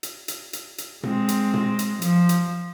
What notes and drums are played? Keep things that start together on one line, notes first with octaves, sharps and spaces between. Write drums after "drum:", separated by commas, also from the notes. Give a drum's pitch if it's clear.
drum: hi-hat
drum: hi-hat
drum: hi-hat
drum: hi-hat
G#3 C4, drum: tom
drum: hi-hat
drum: tom
drum: hi-hat
F3, drum: hi-hat
drum: hi-hat